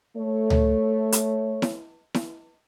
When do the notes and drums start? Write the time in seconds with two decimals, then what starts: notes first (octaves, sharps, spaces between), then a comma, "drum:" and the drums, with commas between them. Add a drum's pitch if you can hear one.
0.17 A3 C#5
0.50 drum: tom C#2
1.12 drum: hi-hat
1.62 drum: snare E4
2.14 drum: snare E4